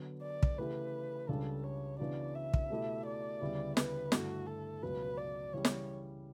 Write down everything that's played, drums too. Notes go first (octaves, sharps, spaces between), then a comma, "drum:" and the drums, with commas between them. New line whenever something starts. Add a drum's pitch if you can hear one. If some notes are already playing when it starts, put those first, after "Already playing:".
Already playing: D3 F#3 B3
D5
drum: kick
C#3 E3 A3 E4 G4 B4
C#2 C#3 G3 D4 G4 A4
C#5
C#3 E3 B3 D4 F#4 D5
E5
drum: kick
B2 A3 E4 G4
D5
D2 C#3 G3 B3 E4
B4, drum: snare
G2 D3 A3 E4 F#4, drum: snare
A4
C#2 B2 F#3 B4
D5
C#3 E3 G3 C#5
drum: snare